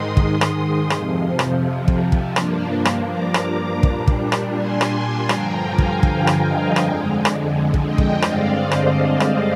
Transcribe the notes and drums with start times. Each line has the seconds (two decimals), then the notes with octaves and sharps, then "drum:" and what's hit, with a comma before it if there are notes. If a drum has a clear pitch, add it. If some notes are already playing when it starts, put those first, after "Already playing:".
Already playing: G#2 D#3 G#3 C6 D#6
0.17 drum: kick
0.41 drum: rim click
0.90 F2 C3 F3, drum: rim click
1.39 drum: rim click
1.88 drum: kick
2.12 drum: kick
2.36 G2 F3 A#3 D4, drum: rim click
2.85 drum: rim click
3.10 A#5 D6
3.34 drum: rim click
3.83 A#2 G3 D4, drum: kick
4.07 drum: kick
4.32 drum: rim click
4.56 G#5 C6
4.81 drum: rim click
5.29 G2 D3 F3 G5 A#5, drum: rim click
5.66 F5 G#5
5.78 drum: kick
6.03 G5 A#5, drum: kick
6.27 drum: rim click
6.39 D#5 G5
6.76 F2 D3 G#3, drum: rim click
7.25 drum: rim click
7.74 drum: kick
7.86 D#5 G5
7.98 drum: kick
8.22 G2 D3 G#3 C4 D5 F5, drum: rim click
8.59 C5 D#5
8.71 drum: rim click
9.20 drum: rim click